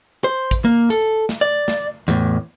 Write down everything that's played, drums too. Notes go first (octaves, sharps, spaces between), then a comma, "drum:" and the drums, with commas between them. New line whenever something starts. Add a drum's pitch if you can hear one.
C5
drum: kick, hi-hat
A#3
A4, drum: hi-hat
drum: snare
D5
drum: snare
E2 A2, drum: hi-hat